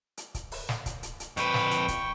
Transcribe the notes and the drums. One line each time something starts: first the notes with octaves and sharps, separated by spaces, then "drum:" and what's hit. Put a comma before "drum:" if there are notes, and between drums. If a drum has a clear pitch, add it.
drum: hi-hat
drum: kick C#1, hi-hat
drum: open hi-hat
drum: snare
drum: kick C#1, hi-hat
drum: hi-hat
drum: hi-hat
F2 B4 G5 C#6, drum: hi-hat
drum: snare
drum: hi-hat
drum: kick C#1, hi-hat